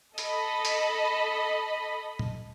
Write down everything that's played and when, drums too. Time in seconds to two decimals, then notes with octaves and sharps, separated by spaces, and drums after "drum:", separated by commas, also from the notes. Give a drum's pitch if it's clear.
0.18 A4 D#5 B5, drum: hi-hat
0.65 drum: hi-hat
2.19 drum: tom A#2